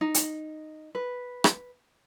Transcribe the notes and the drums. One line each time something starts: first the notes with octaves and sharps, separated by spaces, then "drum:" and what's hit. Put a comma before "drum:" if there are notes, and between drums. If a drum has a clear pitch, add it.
D#4
drum: hi-hat
B4
drum: rim click